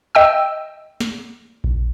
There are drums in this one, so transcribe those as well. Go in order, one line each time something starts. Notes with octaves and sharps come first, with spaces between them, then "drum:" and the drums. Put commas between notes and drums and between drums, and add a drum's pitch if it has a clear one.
D#5 G5 E6
drum: snare
drum: kick A#1